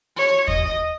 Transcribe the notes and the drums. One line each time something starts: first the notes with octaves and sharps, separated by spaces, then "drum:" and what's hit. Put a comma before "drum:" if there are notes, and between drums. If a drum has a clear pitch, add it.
C#5
D#5, drum: kick